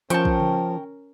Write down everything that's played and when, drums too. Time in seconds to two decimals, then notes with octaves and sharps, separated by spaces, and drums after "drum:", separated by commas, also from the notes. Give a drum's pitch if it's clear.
0.10 F3 C#4 A#4 C5 G5 A5 C#6, drum: hi-hat
0.25 drum: kick
0.40 drum: tom C#3